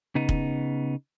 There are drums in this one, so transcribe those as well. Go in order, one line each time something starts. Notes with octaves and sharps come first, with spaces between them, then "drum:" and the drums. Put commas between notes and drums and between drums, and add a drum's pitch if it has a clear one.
C#3 B3 D#4
drum: kick